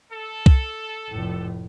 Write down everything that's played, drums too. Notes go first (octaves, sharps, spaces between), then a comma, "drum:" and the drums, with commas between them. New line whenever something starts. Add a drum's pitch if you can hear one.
A4
drum: kick C2
F1 A2